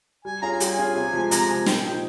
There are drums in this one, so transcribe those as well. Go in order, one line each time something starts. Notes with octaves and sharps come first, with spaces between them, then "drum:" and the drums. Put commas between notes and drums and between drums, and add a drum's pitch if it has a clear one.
G3 G#5
C#4 F4 G#4 A#5
G#5
G3 G5, drum: hi-hat
G#5
C#4 F4 G#4
C3
F3 G#3
C3 A#5, drum: hi-hat
F3 G#3 G#5
A#2 G5, drum: snare
F3 C4 D#4 G4 G5